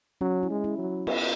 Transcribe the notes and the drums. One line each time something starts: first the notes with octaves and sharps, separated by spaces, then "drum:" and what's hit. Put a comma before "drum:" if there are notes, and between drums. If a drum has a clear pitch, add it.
F#3 C#4
E4
G#3
E4
F#3
B3, drum: cymbal